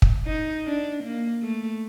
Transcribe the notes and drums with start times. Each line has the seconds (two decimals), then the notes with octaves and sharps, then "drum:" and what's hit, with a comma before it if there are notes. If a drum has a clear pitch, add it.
0.02 drum: kick
0.26 D#4
0.65 D4
1.03 A#3
1.42 A3